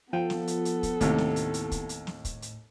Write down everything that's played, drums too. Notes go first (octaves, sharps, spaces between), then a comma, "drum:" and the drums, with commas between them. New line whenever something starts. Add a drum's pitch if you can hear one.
F3 B3 A4 G5
drum: snare
drum: hi-hat
drum: hi-hat
drum: kick, hi-hat
D#2 A2 C3, drum: kick, hi-hat
drum: snare
drum: hi-hat
drum: hi-hat
drum: kick, hi-hat
drum: hi-hat
drum: snare
drum: kick, hi-hat
drum: hi-hat